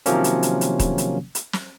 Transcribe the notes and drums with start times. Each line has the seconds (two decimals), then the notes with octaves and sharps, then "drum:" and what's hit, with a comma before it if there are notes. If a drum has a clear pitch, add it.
0.06 C3 D#3 F3 F#3 A#3 C#4, drum: hi-hat
0.24 drum: hi-hat
0.43 drum: hi-hat
0.61 drum: hi-hat
0.79 drum: kick D#1, hi-hat
0.98 drum: hi-hat
1.35 drum: hi-hat
1.53 drum: snare